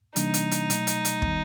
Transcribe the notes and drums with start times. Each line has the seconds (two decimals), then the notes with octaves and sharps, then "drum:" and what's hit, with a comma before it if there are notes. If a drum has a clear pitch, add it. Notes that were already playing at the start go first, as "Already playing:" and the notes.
0.16 C3 E3 G3 A#3 D4 D#4, drum: hi-hat
0.34 drum: hi-hat
0.51 drum: hi-hat
0.70 B2 F#3 A3, drum: hi-hat
0.87 drum: hi-hat
1.05 drum: hi-hat
1.22 D#3 G3 B3, drum: kick